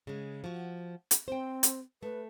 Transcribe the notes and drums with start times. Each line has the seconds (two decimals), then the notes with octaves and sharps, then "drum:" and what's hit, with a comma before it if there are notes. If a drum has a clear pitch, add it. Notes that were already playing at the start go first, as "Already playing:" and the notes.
0.07 C#3 G#3
0.44 F3 F#4
1.11 drum: hi-hat
1.28 C4 C5 G5
1.63 drum: hi-hat
2.03 A3 B4